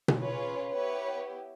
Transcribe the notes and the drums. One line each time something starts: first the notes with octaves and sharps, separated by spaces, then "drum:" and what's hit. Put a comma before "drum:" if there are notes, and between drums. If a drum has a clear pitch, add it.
drum: tom B2
C#4 F4 G#4 B4 C#5
B3 E4 G4 B4 C#5